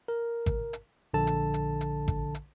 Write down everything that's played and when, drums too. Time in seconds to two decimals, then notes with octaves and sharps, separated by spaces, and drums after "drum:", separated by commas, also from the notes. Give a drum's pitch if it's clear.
0.08 A#4
0.46 drum: kick, hi-hat
0.73 drum: hi-hat
1.14 A#1 D3 A4 A5
1.27 drum: hi-hat
1.54 drum: hi-hat
1.81 drum: hi-hat
2.08 drum: kick, hi-hat
2.35 drum: hi-hat